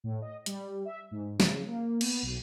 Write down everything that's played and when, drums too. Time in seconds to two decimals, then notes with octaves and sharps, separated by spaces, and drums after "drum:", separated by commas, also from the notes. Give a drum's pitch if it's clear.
0.04 A2
0.22 D#5
0.46 G3, drum: hi-hat
0.85 E5
1.11 G#2
1.40 C#3, drum: snare
1.67 A#3
2.01 B3, drum: cymbal
2.23 B1